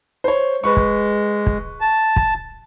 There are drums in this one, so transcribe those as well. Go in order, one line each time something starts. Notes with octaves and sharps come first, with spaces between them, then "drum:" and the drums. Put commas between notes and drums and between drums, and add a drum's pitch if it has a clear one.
C5 C#5
G#3 B4 C#6
drum: kick
drum: kick
A5
drum: kick